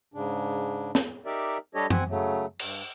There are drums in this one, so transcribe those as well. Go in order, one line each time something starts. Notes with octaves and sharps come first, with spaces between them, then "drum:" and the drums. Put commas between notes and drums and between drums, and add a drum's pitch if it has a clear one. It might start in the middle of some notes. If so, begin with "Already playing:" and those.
G#2 C#3 D4
drum: snare
D#4 G4 A#4 D5 E5
G3 D4 G4 A4 C#5 D#5
C4 F#5 G#5, drum: tom F#2
C#3 F#3 A3
G2, drum: cymbal